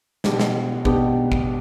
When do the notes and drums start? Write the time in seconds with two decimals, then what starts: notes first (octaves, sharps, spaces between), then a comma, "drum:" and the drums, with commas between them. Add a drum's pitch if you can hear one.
0.24 B2 B3 D4 G4, drum: snare
0.40 drum: snare
0.85 B2 B3 D4 G4, drum: kick
1.32 drum: kick